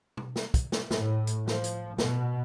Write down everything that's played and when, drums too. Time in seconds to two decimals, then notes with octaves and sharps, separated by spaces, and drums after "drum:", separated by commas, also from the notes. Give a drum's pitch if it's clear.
0.17 drum: tom B2
0.36 drum: snare
0.54 drum: kick, hi-hat
0.72 drum: snare
0.91 A2, drum: snare
1.27 drum: hi-hat
1.48 F3, drum: snare
1.64 drum: hi-hat
1.98 B2, drum: snare